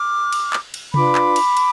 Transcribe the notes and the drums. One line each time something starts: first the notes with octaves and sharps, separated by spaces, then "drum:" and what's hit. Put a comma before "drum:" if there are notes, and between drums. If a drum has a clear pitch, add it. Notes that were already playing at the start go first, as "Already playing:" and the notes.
Already playing: D6 F6
drum: cymbal
drum: clap
drum: cymbal
D4 F4 B4 B5 D6, drum: tom C3
drum: clap
drum: cymbal
drum: cymbal